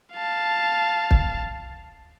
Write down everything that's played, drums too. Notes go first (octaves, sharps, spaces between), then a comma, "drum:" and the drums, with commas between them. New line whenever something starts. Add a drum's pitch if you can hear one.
F5 A5
drum: kick